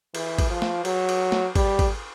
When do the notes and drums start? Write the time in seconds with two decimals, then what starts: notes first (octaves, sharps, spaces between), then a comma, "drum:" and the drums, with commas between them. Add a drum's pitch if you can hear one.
0.15 E3, drum: cymbal
0.38 drum: kick, cymbal
0.51 F3
0.62 drum: snare
0.85 F#3, drum: cymbal
1.09 drum: cymbal
1.32 drum: snare
1.56 G3, drum: kick, cymbal
1.79 drum: kick, cymbal